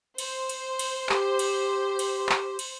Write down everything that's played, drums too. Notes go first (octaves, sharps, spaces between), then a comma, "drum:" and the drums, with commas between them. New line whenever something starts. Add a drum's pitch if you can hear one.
C5, drum: cymbal
drum: cymbal
drum: cymbal
G4, drum: clap
drum: cymbal
drum: cymbal
drum: clap
drum: cymbal